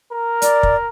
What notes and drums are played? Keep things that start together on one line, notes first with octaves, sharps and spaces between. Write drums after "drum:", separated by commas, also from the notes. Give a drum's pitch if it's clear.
A#4
D5, drum: hi-hat
drum: kick